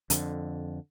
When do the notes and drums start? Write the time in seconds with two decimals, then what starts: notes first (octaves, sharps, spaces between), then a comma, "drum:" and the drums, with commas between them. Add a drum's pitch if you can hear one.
0.10 F2 D3, drum: hi-hat